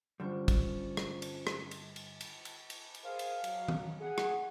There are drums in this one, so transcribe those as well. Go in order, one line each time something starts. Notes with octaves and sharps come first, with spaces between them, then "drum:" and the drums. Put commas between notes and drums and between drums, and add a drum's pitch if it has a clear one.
G2 D3 G3 C#4 F4 C5
drum: kick, cymbal
drum: rim click
drum: cymbal
drum: rim click
drum: cymbal
drum: cymbal
drum: cymbal
drum: cymbal
drum: cymbal
drum: cymbal
G#4 A#4 C5 F5
drum: cymbal
F#3, drum: cymbal
drum: tom
G#4 F#5
drum: rim click